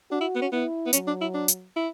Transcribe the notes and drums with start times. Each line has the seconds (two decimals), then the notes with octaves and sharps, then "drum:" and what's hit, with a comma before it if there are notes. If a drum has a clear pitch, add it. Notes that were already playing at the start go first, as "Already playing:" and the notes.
0.11 D4 F#4
0.21 E4
0.35 B3
0.41 C#4
0.52 B3 E4
0.86 B3
0.93 F#3 C#4, drum: hi-hat
1.07 D4
1.21 E4
1.34 D4
1.48 drum: hi-hat
1.76 E4